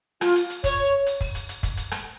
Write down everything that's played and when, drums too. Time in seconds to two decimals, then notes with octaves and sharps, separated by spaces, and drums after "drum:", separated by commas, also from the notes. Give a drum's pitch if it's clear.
0.21 F4, drum: rim click
0.36 drum: hi-hat
0.50 drum: hi-hat
0.64 C#5, drum: kick, hi-hat
1.06 drum: hi-hat
1.21 drum: kick, open hi-hat
1.35 drum: hi-hat
1.49 drum: hi-hat
1.63 drum: kick, hi-hat
1.77 drum: hi-hat
1.91 drum: rim click